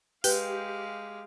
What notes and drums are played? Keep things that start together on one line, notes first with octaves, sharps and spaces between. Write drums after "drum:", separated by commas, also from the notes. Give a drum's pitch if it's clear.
G#3 G4 B4 F5, drum: open hi-hat